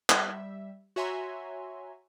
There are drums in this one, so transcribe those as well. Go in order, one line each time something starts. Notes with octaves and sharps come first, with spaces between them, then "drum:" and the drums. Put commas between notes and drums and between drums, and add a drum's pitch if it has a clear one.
G3 E5, drum: clap
F#4 C#5 E5 G#5 A#5 C6